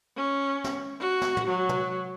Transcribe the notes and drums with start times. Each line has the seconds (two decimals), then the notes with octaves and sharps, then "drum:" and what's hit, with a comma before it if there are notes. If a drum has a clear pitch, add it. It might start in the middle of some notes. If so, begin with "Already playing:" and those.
0.17 C#4
0.64 drum: snare
1.00 F#4
1.21 drum: snare
1.37 drum: tom
1.48 F#3
1.69 drum: tom